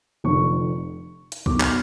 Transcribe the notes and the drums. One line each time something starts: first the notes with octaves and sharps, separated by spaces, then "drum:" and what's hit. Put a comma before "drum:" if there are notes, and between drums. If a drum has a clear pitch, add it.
F1 F2 D3 C#6
drum: hi-hat
B1 B2 D6, drum: kick B1
F6, drum: clap